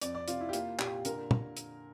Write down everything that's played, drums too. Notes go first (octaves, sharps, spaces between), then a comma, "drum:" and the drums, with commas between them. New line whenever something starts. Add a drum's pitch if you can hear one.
F2 D5, drum: hi-hat
D5
C3 F4, drum: hi-hat
E4
G4
A#3 F4, drum: hi-hat
A#2 G4, drum: clap
D3 A#4, drum: hi-hat
drum: tom
drum: hi-hat